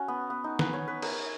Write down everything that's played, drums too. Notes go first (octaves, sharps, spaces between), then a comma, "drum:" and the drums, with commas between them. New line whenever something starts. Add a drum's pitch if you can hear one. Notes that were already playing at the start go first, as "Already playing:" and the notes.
Already playing: C#4 F#4
B3
B3
D#4
B4, drum: snare
C#5
B4
A#4, drum: cymbal